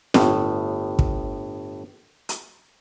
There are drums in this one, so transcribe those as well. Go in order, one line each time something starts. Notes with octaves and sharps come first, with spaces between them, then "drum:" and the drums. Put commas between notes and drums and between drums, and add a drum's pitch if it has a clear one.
G1 A2, drum: snare
drum: kick
drum: hi-hat